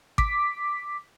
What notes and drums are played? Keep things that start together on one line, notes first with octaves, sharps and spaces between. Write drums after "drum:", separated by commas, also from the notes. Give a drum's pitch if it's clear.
D6 B6, drum: kick